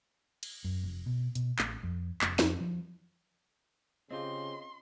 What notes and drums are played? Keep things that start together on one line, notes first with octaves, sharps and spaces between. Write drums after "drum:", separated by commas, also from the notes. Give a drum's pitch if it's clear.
drum: cymbal
F#2
F1
B2
B2, drum: hi-hat
A1, drum: clap
F2
F1, drum: clap
F2, drum: snare
F3
C#3 C4 F4 G4 D#5 C6